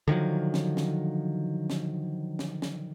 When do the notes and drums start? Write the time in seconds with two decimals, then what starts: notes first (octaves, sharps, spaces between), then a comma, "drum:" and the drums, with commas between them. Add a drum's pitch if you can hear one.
0.08 D3 D#3 F3 F#3
0.54 drum: snare
0.77 drum: snare
1.70 drum: snare
2.39 drum: snare
2.62 drum: snare